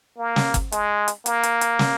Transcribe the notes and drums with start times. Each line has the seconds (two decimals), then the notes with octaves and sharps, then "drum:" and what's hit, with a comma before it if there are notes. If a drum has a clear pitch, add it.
0.18 A#3
0.36 drum: snare
0.54 drum: kick, hi-hat
0.72 G#3, drum: hi-hat
1.08 drum: hi-hat
1.26 A#3, drum: hi-hat
1.43 drum: hi-hat
1.61 drum: hi-hat
1.79 drum: snare